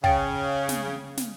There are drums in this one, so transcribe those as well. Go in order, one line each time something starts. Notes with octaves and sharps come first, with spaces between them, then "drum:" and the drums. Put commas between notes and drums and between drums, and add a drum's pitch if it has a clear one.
C#3 G5 A6 D7, drum: kick
drum: snare
drum: snare